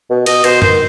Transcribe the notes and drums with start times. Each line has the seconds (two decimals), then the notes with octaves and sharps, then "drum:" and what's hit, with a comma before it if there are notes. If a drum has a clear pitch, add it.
0.10 B2
0.26 B2 D#5, drum: cymbal
0.44 B2 C5, drum: cymbal
0.62 D#3 C5, drum: tom F#2